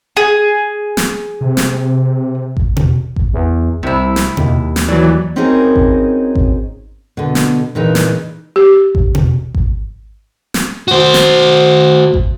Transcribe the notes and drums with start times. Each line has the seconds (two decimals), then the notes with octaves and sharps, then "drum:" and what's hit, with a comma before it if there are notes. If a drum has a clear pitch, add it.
0.17 G#4
0.97 drum: snare
1.41 C3
1.57 drum: snare
2.57 drum: kick G#1
2.76 drum: tom B2
3.16 drum: kick G#1
3.33 E2
3.83 C2 C3 E4
4.16 drum: snare
4.37 D#2, drum: tom B2
4.76 drum: snare
4.88 E3 F#3 D5
5.36 C4 C#4 D#4 F#4 G#4 A#4
5.76 drum: kick G#1
6.35 drum: kick G#1
7.17 B2 D3
7.35 drum: snare
7.75 A#2 C#3 E3 D#4
7.95 drum: snare
8.56 G4
8.95 drum: kick G#1
9.15 drum: tom B2
9.54 drum: kick G#1
10.54 drum: snare
10.88 F#4 C5
11.14 drum: snare
12.14 drum: kick G#1